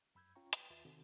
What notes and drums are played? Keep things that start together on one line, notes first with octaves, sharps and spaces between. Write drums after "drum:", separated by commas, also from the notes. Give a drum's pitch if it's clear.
F#2 B5 E6 G6 G#6
C#4 F4 C#5 G5 A#5 C#6
B4 G5 D#6, drum: hi-hat
D#2 F4 B4 E5 A6
C3 D#3 C4 F#4 A4